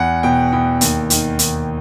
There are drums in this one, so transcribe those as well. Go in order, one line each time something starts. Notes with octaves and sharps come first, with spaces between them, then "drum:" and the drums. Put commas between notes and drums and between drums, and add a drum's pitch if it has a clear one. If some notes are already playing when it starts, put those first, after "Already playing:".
Already playing: E2 F#5
B2 G5
E2 G5
D#2, drum: hi-hat
D#3, drum: hi-hat
D#2, drum: hi-hat